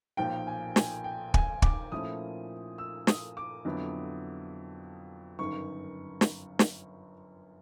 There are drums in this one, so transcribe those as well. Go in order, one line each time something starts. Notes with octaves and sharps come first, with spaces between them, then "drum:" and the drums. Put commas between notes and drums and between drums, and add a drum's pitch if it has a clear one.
B1 A#2 F3 A#3 G5
G#5
G#5, drum: snare
G5
G#5, drum: kick
D6, drum: kick
A#2 F3 A3 C#4 E4 D#6
E6
D#6, drum: snare
D6
F2 D3 F#3 B3 E4
G1 F#2 D#3 C#6
drum: snare
drum: snare